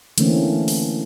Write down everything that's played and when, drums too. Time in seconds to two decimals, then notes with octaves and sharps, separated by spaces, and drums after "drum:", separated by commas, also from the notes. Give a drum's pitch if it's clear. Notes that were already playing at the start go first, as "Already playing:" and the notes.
0.18 D3 E3 A3 A#3 C4 C#4, drum: hi-hat
0.68 drum: open hi-hat